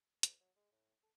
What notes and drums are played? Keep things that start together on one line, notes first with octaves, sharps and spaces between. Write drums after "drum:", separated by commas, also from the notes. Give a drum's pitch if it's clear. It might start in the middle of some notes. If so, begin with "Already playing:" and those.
D2, drum: hi-hat
F#3
G#3
A2
A4